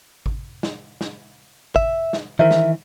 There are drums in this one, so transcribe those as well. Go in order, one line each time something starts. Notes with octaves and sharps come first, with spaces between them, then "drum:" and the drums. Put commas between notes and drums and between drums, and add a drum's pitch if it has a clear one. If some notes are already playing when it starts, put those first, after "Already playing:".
drum: kick G#1
drum: snare
drum: snare
E5, drum: kick G#1
drum: snare
D#3 E3 A#4 C5 E5
drum: snare